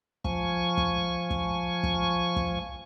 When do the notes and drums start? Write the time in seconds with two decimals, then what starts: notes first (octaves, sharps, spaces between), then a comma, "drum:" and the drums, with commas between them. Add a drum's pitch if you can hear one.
0.24 F3 G#5 C#6, drum: kick
0.77 drum: kick
1.30 drum: kick
1.83 drum: kick
2.36 drum: kick